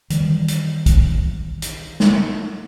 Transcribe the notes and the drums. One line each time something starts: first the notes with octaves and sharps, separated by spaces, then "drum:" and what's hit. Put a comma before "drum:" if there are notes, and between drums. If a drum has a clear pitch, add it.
D#3 E3 G3, drum: hi-hat
drum: hi-hat
drum: kick, hi-hat
drum: hi-hat
drum: snare